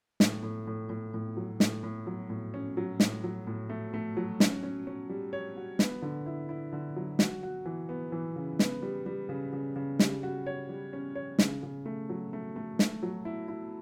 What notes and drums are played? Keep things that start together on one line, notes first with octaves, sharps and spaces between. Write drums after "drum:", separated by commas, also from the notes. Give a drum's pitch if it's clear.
A2, drum: snare
A2
A2
A2
A2
F#3
A2, drum: snare
A2
F#3
A2
C#4
F#3
A2, drum: snare
F#3
A2
A3
A3
F#3
C#4, drum: snare
C#4
C#4
G3
C#5
F#4
B3, drum: snare
D3
E4
E4
D3
F#3
F#4, drum: snare
F#4
E3
B3
E3
C#3
B3, drum: snare
G3
G3
C#3
C#3
C#3
G3, drum: snare
F#4
C#5
G3
C#4
C#5
C#3, drum: snare
C#3
A3
F#3
A3
A3
A3, drum: snare
F#3
E4
E4